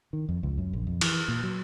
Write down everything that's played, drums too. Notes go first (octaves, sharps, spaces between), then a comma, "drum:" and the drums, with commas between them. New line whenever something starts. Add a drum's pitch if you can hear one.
D#3
F2
C#2
F#2
A#1
F2
E3, drum: cymbal
A#2
F#3